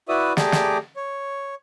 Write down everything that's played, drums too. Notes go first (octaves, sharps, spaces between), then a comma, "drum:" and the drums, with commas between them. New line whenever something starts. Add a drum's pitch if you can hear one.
E4 F#4 B4 D5 E5 D#6
A3 G4 G#4 D5 A#5 D6, drum: snare
drum: snare
C#5